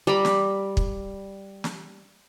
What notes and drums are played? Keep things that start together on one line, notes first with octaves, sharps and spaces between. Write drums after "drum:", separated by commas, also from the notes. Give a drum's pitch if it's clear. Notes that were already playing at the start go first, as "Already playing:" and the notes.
G3 A#5 B5
drum: snare
drum: kick
drum: snare